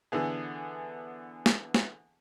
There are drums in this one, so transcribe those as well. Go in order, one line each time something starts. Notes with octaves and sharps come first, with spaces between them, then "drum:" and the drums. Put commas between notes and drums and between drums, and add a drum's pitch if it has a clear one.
D3 E3 B3 G#4
drum: snare
drum: snare